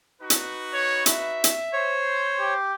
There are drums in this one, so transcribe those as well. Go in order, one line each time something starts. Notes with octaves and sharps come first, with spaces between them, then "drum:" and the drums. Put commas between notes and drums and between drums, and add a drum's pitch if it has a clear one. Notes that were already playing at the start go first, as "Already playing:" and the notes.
D#4 F#4 B4
drum: hi-hat
C#5
E5, drum: hi-hat
drum: hi-hat
C5 C#5
G4